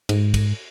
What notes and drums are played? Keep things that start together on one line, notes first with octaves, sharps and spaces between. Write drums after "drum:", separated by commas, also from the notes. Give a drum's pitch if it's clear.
G#2, drum: cymbal
drum: kick, cymbal